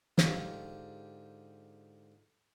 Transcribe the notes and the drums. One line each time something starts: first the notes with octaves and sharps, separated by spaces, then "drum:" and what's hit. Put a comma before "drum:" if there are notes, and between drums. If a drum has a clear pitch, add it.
G#2 D3 F4 G4, drum: snare